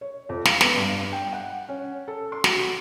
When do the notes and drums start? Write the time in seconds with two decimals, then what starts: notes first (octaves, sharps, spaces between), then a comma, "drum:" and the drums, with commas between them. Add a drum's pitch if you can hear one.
0.01 C#5
0.29 F2
0.46 F5, drum: snare
0.61 B3, drum: snare
0.77 G2
1.13 G5
1.33 F#5
1.69 C#4
2.08 A4
2.32 C6
2.44 F#4, drum: snare